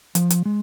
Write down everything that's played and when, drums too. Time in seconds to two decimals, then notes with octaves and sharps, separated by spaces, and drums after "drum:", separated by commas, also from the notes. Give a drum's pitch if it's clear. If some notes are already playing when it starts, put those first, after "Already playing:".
0.15 F3, drum: hi-hat
0.30 drum: hi-hat
0.45 G#3